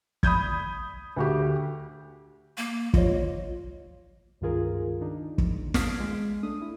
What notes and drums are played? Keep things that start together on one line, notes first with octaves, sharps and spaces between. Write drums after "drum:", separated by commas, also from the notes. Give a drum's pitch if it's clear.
B5 D#6 G6 G#6, drum: kick
D2 F#4 G4
A#3
F4 C#5 D#5, drum: kick
C#2 G2 D#3 F4 G#4 A#4
D#3 D4 D#4
drum: kick
D#6 F6 G#6 B6 C7 D7, drum: snare
G#3
A3 D4 D#6
E4